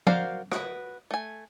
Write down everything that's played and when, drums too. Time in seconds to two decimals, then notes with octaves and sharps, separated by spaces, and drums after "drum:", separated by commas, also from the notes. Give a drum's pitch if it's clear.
0.07 F#4 A#4 C5 D5 F5, drum: tom F3
0.52 F#4 B4, drum: rim click
1.11 A3 G#5